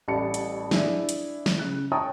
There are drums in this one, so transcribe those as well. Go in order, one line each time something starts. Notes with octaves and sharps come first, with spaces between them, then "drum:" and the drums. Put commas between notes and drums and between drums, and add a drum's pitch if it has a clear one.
A1 A2 G3 D5 A5 C#7
drum: hi-hat
D4 E4 G#4 D5, drum: snare
drum: hi-hat
drum: snare
C#3 F#6
C#5 G5 A5 A#5 C#6 D#6